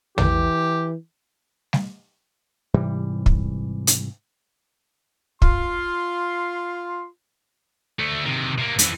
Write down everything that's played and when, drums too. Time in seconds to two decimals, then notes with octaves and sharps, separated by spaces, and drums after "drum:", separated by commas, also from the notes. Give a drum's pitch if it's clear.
0.18 E3 G4, drum: tom
1.73 drum: snare G3
2.74 G#2 C3 E3 G3
3.26 drum: kick
3.87 drum: hi-hat
5.42 F4 C6, drum: kick
7.99 D2 A3
8.25 C3 D#3
8.58 C3 A#3
8.79 F2 E3, drum: hi-hat